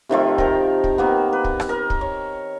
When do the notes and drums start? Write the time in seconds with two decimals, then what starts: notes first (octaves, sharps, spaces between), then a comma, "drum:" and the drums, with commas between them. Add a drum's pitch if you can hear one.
0.09 C3 D#3 F3 A3
0.38 A#4 G5 A#5, drum: kick
0.84 drum: kick
0.98 D#3 A#3 B3
1.33 B4
1.44 drum: kick
1.60 drum: rim click
1.69 A#4 D#5
1.90 drum: kick
2.01 C#5